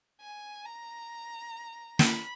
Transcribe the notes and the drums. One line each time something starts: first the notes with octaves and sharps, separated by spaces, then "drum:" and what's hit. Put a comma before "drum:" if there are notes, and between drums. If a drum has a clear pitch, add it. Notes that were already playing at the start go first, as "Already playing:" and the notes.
G#5
A#5
B5, drum: snare